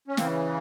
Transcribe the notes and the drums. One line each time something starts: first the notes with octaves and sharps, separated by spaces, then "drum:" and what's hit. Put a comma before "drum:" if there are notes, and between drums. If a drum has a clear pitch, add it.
C#4
C#3 E3 A#3 C4, drum: snare